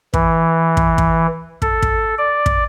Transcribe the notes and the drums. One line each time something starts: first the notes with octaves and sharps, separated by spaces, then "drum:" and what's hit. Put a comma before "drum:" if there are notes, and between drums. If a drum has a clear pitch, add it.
E3, drum: kick
drum: kick
drum: kick
A4, drum: kick
drum: kick
D5
drum: kick